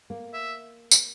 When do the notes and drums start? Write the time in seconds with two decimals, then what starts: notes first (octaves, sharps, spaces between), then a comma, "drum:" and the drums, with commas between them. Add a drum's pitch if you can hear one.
0.10 A#3
0.34 E5
0.91 drum: tambourine